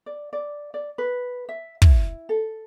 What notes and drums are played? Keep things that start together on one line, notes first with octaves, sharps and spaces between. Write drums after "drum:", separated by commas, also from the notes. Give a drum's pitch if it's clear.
D5
D5
D5
B4
E5
E4, drum: kick
A4